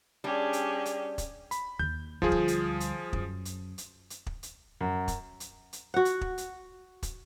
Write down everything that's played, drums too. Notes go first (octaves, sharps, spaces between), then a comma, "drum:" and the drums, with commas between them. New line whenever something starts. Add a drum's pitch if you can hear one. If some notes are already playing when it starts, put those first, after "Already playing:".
G3 C#4 D4 G4 G#4
drum: hi-hat
drum: hi-hat
drum: kick, hi-hat
B5, drum: hi-hat
D#2 G6
D2 F3 G3 F4 G#4
drum: kick
drum: hi-hat
drum: hi-hat
F#2, drum: kick
drum: hi-hat
drum: hi-hat
drum: hi-hat
drum: kick
drum: hi-hat
F#2
drum: kick, hi-hat
drum: hi-hat
drum: hi-hat
F#4 F#5
drum: hi-hat
drum: kick
drum: hi-hat
drum: kick, hi-hat